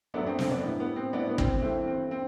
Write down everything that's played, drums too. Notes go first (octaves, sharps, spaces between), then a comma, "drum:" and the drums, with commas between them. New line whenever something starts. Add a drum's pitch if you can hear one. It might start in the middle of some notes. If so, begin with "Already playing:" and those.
F#2 F#3 A3 B3 D4
C4
C4, drum: snare
B3 D4
A2 G3 B3
B3
C4
A2 G3 B3 D4
B3
C4, drum: kick
G2 E3 A3 C4
C4
C4